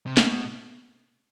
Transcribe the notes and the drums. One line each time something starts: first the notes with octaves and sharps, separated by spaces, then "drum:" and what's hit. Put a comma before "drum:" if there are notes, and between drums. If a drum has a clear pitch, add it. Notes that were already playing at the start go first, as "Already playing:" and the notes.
C3
B2, drum: snare